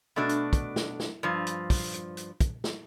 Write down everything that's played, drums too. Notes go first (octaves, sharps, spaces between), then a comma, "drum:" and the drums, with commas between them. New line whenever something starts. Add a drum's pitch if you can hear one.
B2 A3 D4 F#4
drum: hi-hat
drum: kick, hi-hat
drum: snare
drum: snare
G2 F3
drum: hi-hat
drum: kick, open hi-hat
drum: hi-hat
drum: hi-hat
drum: kick, hi-hat
drum: snare